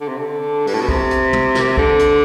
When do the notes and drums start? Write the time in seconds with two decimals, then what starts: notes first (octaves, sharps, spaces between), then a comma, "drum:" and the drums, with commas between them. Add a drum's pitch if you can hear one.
0.01 D3
0.08 C3
0.18 D3
0.67 G2, drum: open hi-hat
0.74 A2
0.81 B2
0.89 C3, drum: kick B1
1.11 drum: hi-hat
1.33 drum: tom
1.55 drum: snare
1.77 D3, drum: kick B1
1.99 drum: hi-hat